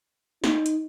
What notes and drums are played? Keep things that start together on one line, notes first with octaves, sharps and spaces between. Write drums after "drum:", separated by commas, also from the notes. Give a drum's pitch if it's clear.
D#4, drum: snare
drum: hi-hat